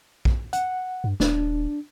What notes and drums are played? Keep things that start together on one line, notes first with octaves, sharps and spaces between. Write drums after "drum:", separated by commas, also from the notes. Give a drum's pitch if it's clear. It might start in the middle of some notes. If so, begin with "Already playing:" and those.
drum: kick
F#5, drum: hi-hat
G2
D#1 D4, drum: snare